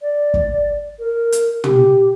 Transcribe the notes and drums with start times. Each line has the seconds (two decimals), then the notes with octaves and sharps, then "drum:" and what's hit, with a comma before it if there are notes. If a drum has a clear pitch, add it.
0.02 D5
0.34 drum: kick
0.99 A#4
1.32 drum: hi-hat
1.64 G4, drum: tom